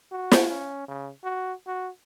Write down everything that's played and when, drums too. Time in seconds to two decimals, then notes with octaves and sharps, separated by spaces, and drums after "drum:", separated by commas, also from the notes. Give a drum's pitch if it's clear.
0.12 F#4
0.31 drum: snare
0.50 C#4
0.88 C#3
1.24 F#4
1.67 F#4